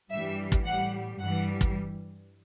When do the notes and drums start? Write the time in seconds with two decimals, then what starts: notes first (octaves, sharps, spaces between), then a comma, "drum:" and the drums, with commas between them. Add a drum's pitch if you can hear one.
0.10 G2 E3 G3 E5
0.52 drum: kick
0.65 A2 G3 F#5
1.19 G2 E3 G3 F#5
1.61 drum: kick